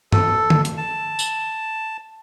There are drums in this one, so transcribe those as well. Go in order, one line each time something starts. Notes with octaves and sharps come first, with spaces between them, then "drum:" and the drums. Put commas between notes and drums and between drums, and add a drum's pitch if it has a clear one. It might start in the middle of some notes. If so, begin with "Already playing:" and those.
A4, drum: tom G2
drum: tom D3
drum: hi-hat
A5
drum: tambourine